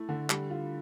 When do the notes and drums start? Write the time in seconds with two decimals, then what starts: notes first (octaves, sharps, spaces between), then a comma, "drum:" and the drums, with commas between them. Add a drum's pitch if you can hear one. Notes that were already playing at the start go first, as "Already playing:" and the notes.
Already playing: A3 E4
0.09 D3
0.30 G3, drum: clap
0.50 F4